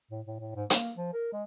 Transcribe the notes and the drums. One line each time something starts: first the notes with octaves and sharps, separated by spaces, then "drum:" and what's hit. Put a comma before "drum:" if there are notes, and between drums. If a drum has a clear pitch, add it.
A2
A2
A2
G#2
A#3, drum: hi-hat
F3
A#4
G#3